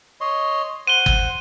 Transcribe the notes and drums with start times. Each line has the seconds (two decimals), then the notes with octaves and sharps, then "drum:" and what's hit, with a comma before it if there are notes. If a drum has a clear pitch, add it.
0.21 C#5 D#5 C6
0.87 C5 F#5 D#7 G7
1.06 drum: kick G1